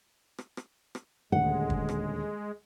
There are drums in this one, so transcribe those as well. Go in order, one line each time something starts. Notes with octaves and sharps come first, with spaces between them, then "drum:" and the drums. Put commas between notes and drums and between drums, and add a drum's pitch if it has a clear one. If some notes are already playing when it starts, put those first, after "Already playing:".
drum: rim click
drum: rim click
drum: rim click
D#1 D2 G#3 F#5
drum: kick
drum: rim click